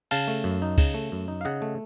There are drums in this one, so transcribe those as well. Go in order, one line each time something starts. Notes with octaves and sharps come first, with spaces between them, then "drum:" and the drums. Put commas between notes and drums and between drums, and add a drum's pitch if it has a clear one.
C#3 F5 A5, drum: cymbal
A3
F#2
D#4
C#3, drum: kick, cymbal
A3
F#2
D#4
F5
C#3 D#5 F#5
A3